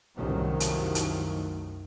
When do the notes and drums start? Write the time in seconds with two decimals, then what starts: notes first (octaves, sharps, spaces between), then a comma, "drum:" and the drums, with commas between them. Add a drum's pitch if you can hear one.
0.17 C2 F#2 D#3 F3 F#3 A3
0.60 drum: hi-hat
0.95 drum: hi-hat